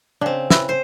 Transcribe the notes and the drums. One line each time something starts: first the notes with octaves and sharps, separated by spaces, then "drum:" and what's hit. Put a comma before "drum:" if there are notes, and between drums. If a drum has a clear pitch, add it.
C#3 C4 D4
E4 B4 E5, drum: snare
C5